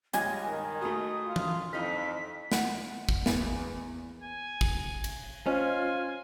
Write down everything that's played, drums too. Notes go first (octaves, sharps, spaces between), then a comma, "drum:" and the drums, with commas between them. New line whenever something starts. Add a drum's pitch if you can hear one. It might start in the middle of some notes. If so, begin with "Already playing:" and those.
C#2 G2 F4 D#5 G#5, drum: hi-hat
D#3
B2 A3 D#6
F4
drum: tom
F2 E3 D#4 F6 B6
F#5, drum: snare
drum: kick
E2, drum: snare
G#5
drum: kick
drum: cymbal
C#4 F4 C5 D#5 G#5